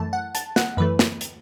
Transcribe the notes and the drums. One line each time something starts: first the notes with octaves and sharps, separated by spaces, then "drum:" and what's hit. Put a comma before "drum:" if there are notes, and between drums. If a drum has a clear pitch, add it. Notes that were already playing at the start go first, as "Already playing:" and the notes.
Already playing: F#2 E3 A3 A5
F#5
A5, drum: hi-hat
F#5, drum: snare
F#2 E3 A3 B4
drum: snare
drum: hi-hat